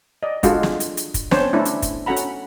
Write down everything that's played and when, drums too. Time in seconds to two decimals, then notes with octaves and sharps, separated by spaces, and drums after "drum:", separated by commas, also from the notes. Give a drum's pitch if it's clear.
0.23 D5 D#5
0.43 G#3 D4 F4 F#4 G#4 A4, drum: kick, hi-hat
0.63 drum: snare
0.80 drum: hi-hat
0.97 drum: hi-hat
1.14 drum: kick, hi-hat
1.31 B3 C#4 D4 C5 C#5 A5, drum: snare
1.53 A3 C#4 D4 E4
1.65 drum: hi-hat
1.82 drum: kick, hi-hat
2.06 C#4 F#4 A4 F#5 A#5 B5
2.16 drum: hi-hat